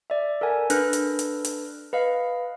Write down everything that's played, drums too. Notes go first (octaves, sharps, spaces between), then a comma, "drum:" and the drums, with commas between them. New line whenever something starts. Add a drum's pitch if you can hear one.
D5 E5
A4 A#4 F#5 G#5
D4 A4 B4 F6 F#6 A#6, drum: hi-hat
drum: hi-hat
drum: hi-hat
drum: hi-hat
B4 D#5 F5